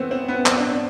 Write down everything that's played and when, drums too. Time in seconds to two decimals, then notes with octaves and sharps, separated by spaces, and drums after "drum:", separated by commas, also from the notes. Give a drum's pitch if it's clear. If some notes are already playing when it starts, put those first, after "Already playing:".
Already playing: E3 A3 B3 C4
0.11 C4
0.28 B3
0.46 C4, drum: clap
0.58 D4
0.70 C4